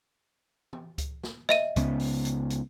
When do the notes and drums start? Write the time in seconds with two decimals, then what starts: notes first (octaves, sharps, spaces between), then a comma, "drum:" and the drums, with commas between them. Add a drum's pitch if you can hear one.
0.73 drum: tom
0.98 drum: kick C#2, hi-hat
1.23 drum: snare
1.49 D#5 E5 D#7, drum: snare
1.76 C#2 C#3 B3, drum: kick C#2, hi-hat
2.00 drum: open hi-hat
2.25 drum: hi-hat
2.50 drum: hi-hat